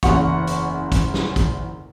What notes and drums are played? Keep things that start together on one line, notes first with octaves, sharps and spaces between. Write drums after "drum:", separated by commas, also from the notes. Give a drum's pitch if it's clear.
F#1 E2 F#5 C#6, drum: kick, hi-hat
drum: hi-hat
drum: kick, hi-hat
drum: snare
drum: kick, hi-hat